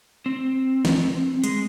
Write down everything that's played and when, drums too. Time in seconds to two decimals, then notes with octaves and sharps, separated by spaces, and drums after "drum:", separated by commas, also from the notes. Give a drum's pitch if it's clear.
0.26 C4
0.85 drum: snare
1.44 G#3, drum: hi-hat